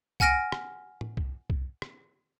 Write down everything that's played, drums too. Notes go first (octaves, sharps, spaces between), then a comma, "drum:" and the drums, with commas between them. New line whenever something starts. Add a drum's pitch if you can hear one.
F#5 G#5 F6 A#6 D7, drum: kick C2
drum: rim click
drum: tom A2
drum: kick C2
drum: kick C2
drum: rim click